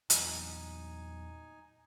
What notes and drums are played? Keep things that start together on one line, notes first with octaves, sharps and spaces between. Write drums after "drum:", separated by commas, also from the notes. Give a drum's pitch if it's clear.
E2 A#2 F#3 D#4 G#5, drum: hi-hat